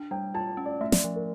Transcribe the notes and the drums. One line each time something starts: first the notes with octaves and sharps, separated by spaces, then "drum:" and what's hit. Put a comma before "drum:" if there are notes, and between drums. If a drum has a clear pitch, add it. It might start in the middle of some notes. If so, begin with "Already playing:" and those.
Already playing: D4
G3 G5
F4 A5
C#4
D5
A3 E5
D5, drum: snare
F3
A#4